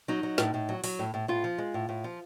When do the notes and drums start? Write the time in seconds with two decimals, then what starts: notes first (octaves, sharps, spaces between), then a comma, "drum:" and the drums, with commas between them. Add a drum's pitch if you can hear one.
0.08 F#3 D#4
0.23 F#3
0.38 A2, drum: snare
0.54 A2
0.69 F#3
0.84 F#3, drum: open hi-hat
0.99 A2
1.14 A2
1.28 A2 F4
1.44 F3
1.58 G#3
1.74 A2
1.89 A2
2.04 F3